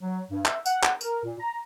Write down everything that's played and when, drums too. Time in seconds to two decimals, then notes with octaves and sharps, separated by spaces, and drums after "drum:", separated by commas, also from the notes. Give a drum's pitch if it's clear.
0.02 F#3
0.31 G2
0.46 E5, drum: clap
0.66 F#5, drum: tambourine
0.83 drum: clap
1.01 A#4, drum: tambourine
1.24 A#2
1.40 A#5